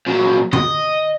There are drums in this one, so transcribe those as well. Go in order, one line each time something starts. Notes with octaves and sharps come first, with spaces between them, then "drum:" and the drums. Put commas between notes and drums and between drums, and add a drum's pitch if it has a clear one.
A#2 F#3
D#5, drum: tom